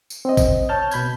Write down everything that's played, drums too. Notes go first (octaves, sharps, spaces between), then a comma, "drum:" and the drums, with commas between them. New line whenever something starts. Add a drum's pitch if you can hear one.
drum: tambourine
C4 D#5
drum: kick A1, tambourine
C#5 A5 F6 G6
B2 B5 G6 G#6, drum: tambourine